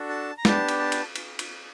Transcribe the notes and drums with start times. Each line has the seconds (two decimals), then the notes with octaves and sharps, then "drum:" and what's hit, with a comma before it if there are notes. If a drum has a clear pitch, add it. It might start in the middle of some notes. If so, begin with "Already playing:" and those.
Already playing: D4 F#4 A4
0.09 A5
0.38 A#5
0.45 B3 D4 G4 A5, drum: snare
0.69 drum: cymbal
0.80 A5
0.92 drum: cymbal
1.16 drum: cymbal
1.39 drum: cymbal